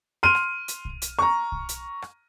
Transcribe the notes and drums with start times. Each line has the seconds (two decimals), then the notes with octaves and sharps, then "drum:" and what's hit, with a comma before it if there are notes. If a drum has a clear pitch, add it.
0.23 C6 F6 D#7
0.35 drum: rim click
0.68 drum: hi-hat
0.85 drum: kick B1
1.02 drum: hi-hat
1.19 A#5 C#6
1.52 drum: kick B1
1.69 drum: hi-hat
2.02 drum: rim click